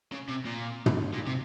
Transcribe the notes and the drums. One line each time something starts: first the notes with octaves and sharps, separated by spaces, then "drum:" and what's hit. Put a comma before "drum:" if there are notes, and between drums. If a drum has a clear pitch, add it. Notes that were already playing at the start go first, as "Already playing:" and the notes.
C#3
C3
A#2
drum: tom
A#2
C3